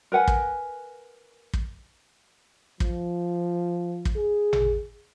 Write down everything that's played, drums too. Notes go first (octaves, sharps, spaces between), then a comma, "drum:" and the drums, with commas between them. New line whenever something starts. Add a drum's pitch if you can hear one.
A#4 B4 F#5 G#5
drum: kick
drum: kick
F3, drum: kick
drum: kick
G#4
drum: tom A1